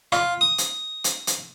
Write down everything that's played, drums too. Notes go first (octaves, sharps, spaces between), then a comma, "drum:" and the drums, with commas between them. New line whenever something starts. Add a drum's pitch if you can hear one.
F4, drum: rim click
D#6
drum: hi-hat
drum: hi-hat
drum: hi-hat